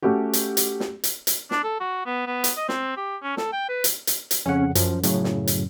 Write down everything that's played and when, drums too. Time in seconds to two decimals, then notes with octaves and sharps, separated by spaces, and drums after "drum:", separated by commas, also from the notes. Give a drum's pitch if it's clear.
0.02 A3 C#4 F#4 G4
0.33 drum: hi-hat
0.57 drum: hi-hat
0.80 drum: snare
1.04 drum: hi-hat
1.27 drum: hi-hat
1.51 D4, drum: snare
1.64 A4
1.80 F#4
2.06 B3
2.27 B3
2.44 drum: hi-hat
2.57 D#5
2.69 C4, drum: snare
2.97 G4
3.23 C#4
3.37 A4, drum: snare
3.53 G5
3.69 B4
3.84 drum: hi-hat
4.07 drum: hi-hat
4.31 drum: hi-hat
4.46 F2 C#3 C#4 F#5
4.75 F#2 F3, drum: hi-hat
5.03 A2 C#3 F#3, drum: hi-hat
5.24 drum: snare
5.47 drum: hi-hat